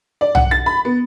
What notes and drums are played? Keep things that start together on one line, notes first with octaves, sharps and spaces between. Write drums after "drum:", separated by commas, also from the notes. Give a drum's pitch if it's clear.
D5
F#5, drum: tom
A6
B5
B3